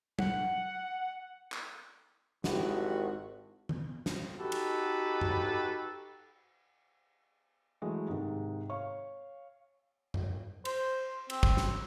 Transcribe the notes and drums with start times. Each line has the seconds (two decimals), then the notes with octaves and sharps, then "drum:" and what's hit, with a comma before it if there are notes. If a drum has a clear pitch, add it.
0.19 F#5, drum: tom
1.52 drum: clap
2.44 G#1 G#3 E4 F#4 G4, drum: snare
3.69 drum: tom D#3
4.06 drum: snare
4.39 D#4 F#4 G4 A4 B4
4.52 drum: cymbal
5.21 drum: tom F#2
7.82 E3 F#3 G#3 A3
8.08 G#2 C3 D#3
8.70 C#5 F5 C#6
10.14 drum: tom F#2
10.65 C5, drum: cymbal
11.30 C4, drum: cymbal
11.43 drum: kick
11.57 drum: snare